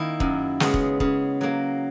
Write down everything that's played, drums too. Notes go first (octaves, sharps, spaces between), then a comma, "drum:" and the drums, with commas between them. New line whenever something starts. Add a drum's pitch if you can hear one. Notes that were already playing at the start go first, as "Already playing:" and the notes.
Already playing: D#3 A#3 E4
F#2, drum: kick
C#3 G#3 B3, drum: snare
drum: kick
C#3, drum: kick
F#3 A#3